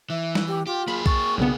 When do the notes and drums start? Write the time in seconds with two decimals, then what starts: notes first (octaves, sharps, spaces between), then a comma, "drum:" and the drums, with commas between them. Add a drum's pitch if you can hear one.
0.10 E3 E5
0.35 drum: snare
0.48 G4
0.67 F4 G4
0.88 A#3 G#4 B5
1.06 C#6 A6, drum: kick B1
1.38 B1 C#3 B3 D4